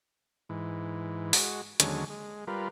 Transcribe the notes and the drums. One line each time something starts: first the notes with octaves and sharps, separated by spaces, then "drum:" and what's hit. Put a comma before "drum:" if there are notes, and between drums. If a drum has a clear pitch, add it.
G#2 E3
G#3 F#4, drum: open hi-hat
D#2 D3 F#3 G#3 C#4, drum: hi-hat
G#3
G3 F4 A#4 B4